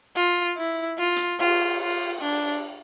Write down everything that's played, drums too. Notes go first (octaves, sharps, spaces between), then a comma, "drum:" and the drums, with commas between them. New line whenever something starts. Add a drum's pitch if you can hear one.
F4
E4
F4
drum: hi-hat
F4, drum: cymbal
F4
D4